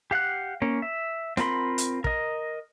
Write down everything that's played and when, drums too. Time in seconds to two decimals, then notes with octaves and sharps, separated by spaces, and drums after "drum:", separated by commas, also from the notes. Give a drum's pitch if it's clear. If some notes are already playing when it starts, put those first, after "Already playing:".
0.11 G4 F5 F#5 F#6
0.62 A#3 C#4
0.82 E5
1.37 C4 F4 A#4 B5 C6, drum: snare
1.78 drum: hi-hat
2.04 A#4 D#5, drum: kick